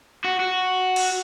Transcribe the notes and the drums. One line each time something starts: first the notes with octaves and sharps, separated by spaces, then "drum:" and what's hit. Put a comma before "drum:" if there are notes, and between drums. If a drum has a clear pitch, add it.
F#4
F#4
drum: cymbal